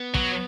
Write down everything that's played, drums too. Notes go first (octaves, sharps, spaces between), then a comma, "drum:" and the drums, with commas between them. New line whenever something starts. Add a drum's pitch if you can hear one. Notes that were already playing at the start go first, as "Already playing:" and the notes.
Already playing: B3
F#3, drum: kick